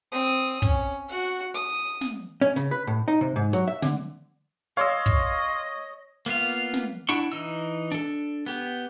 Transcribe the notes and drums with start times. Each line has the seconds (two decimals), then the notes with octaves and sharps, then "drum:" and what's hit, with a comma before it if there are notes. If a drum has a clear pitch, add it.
0.12 C4 D#6
0.62 C#4, drum: kick
1.09 F#4 F#5
1.54 D#6
2.01 drum: snare
2.41 C#4
2.56 C#3, drum: hi-hat
2.71 B4
2.87 A2
3.08 D#4
3.21 C3
3.36 G#2
3.53 F#3, drum: hi-hat
3.68 E5
3.82 D3, drum: snare
4.77 C#5 D#5 F5 C6 E6
5.06 drum: kick
6.26 A#3 B3 F4 F5
6.73 drum: snare
7.09 D4 E4 F#5 C#6
7.32 E3 D#4 E6
7.92 D4 A4, drum: hi-hat
8.46 B3 G4